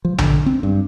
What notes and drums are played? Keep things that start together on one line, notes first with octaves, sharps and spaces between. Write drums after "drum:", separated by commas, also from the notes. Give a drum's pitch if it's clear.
F3
D3, drum: tom A#1
C4
G2